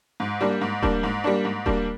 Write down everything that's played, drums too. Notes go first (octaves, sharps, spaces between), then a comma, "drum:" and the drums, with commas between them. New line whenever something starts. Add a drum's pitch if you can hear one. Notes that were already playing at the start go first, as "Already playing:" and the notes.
G#2
G3 A#3 D4
G#2
G3 A#3 D4, drum: kick D#1
G#2
G3 A#3 D4
G#2
G3 A#3 D4, drum: kick D#1